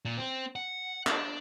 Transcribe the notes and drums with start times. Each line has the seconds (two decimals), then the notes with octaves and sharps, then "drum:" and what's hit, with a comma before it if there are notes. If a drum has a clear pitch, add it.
0.05 A#2
0.18 C4
0.56 F#5
1.07 D4, drum: clap